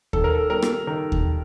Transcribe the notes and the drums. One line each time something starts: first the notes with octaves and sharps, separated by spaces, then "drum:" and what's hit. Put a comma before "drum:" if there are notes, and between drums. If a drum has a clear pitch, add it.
D#3 A4, drum: kick D#2
A#4
A4
G3 B3 A#4
drum: rim click
D#3 A#4
drum: kick D#2